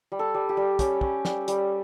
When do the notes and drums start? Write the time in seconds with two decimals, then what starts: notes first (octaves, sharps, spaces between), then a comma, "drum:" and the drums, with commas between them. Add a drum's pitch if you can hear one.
0.12 G3
0.19 A4
0.34 G3
0.49 G4
0.57 G3
0.79 C#4 G4, drum: kick, hi-hat
1.01 C#4, drum: kick
1.25 G3, drum: snare
1.48 G3, drum: hi-hat